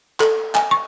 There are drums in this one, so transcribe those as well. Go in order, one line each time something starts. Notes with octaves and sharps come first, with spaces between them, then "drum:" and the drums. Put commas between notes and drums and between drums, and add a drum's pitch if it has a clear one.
A4, drum: clap
G#5, drum: clap
C#6